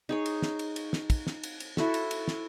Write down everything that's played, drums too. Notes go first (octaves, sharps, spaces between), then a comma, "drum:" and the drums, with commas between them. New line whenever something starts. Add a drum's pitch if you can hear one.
D#4 G#4 C#5
drum: cymbal
drum: snare
drum: cymbal
drum: cymbal
drum: snare
drum: kick, cymbal
drum: snare
drum: cymbal
drum: cymbal
E4 F#4 A4, drum: snare
drum: cymbal
drum: cymbal
drum: snare